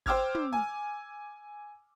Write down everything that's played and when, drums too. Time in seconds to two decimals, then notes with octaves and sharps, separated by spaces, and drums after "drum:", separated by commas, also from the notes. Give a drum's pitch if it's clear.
0.06 C5 G5 D6 E6 F6 G#6, drum: kick G#1
0.35 drum: tom
0.53 G#5